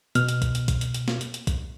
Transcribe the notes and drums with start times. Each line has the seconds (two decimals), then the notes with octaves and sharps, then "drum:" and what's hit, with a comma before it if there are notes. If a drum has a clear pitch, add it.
0.15 B2 F6, drum: hi-hat
0.29 drum: hi-hat
0.42 drum: kick, hi-hat
0.55 drum: hi-hat
0.68 drum: kick, hi-hat
0.81 drum: hi-hat
0.94 drum: hi-hat
1.08 drum: snare
1.21 drum: hi-hat
1.34 drum: hi-hat
1.47 drum: kick, hi-hat